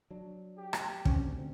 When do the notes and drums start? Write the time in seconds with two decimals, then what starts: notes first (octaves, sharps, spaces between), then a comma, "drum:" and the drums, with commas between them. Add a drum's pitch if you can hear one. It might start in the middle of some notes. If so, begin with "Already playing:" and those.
0.11 F#3 D4
0.58 G4
0.73 drum: rim click
1.05 D2 D3 C4 C#4, drum: kick